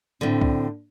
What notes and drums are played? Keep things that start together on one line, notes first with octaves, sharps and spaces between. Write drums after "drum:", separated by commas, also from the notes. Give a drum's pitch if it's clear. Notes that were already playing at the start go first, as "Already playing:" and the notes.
A2 D3 C4
drum: kick C2